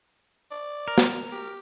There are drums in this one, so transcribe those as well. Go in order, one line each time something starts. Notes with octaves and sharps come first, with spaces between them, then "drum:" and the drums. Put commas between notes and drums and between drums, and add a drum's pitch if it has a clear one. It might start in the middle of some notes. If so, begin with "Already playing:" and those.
D5
A#4
drum: snare
G4